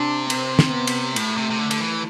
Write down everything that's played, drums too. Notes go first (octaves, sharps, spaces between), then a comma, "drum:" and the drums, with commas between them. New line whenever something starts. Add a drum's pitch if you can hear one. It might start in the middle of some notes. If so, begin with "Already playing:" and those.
Already playing: C3 D4
C4, drum: cymbal
drum: snare
B3
drum: cymbal
A2 A3, drum: cymbal
C3
C3
D3
D3, drum: cymbal
E3